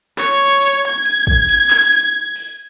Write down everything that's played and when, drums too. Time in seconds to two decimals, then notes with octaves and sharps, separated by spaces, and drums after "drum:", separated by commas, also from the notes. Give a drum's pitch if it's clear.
0.18 C#5, drum: clap
0.62 drum: hi-hat
0.88 G#6
1.05 drum: hi-hat
1.27 drum: kick
1.49 drum: hi-hat
1.70 drum: clap
1.92 drum: hi-hat
2.36 drum: open hi-hat